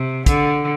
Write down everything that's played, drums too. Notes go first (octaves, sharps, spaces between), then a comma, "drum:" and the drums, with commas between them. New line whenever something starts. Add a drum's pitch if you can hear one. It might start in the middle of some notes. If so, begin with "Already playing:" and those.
Already playing: C3
D3, drum: kick, hi-hat